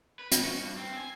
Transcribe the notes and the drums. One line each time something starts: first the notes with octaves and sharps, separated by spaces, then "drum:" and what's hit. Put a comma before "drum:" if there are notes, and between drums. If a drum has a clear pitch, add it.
B4
C#2, drum: hi-hat
F#4
G2
C4
G#5